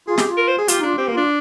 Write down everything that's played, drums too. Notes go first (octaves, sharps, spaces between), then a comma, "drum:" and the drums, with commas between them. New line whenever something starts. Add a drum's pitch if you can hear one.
F4 G#4
G4, drum: snare
F4
A#4
C5
G#4
F4 G4, drum: hi-hat
D#4
D4 F4
C4 G4
A#3
D4 F4